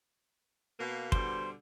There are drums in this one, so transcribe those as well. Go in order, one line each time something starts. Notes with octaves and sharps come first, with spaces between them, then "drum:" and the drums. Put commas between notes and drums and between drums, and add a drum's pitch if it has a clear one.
B2 A#3
B2 D3 G3 C5, drum: kick